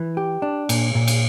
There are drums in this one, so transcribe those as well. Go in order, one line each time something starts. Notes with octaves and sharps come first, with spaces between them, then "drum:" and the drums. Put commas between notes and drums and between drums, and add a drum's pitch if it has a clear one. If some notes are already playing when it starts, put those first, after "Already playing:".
Already playing: E3
G4
D4
A#2, drum: cymbal
A#2
drum: cymbal